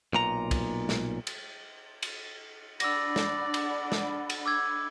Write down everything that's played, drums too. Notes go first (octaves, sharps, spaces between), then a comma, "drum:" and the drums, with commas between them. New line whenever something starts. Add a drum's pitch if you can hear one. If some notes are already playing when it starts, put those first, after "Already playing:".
B1 A#2 A#5
drum: kick, cymbal
drum: snare
drum: cymbal
drum: cymbal
D4 D5 F#5 B5 E6 A#6, drum: cymbal
drum: snare
drum: cymbal
drum: snare
drum: cymbal
D6 E6 G#6